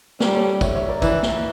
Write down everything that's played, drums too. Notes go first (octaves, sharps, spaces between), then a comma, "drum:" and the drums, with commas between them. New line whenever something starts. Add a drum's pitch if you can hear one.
G3 G4 A#4, drum: snare
A4 C#5
C#5 E5, drum: kick, tambourine
C#5 E5
A#4 D5
E3, drum: kick, tambourine
drum: snare